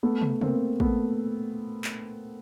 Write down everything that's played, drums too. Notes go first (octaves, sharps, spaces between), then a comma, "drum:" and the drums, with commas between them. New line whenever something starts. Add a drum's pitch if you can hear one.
A3 B3
drum: tom
A#3 C4, drum: tom C3
A3 B3, drum: kick
drum: clap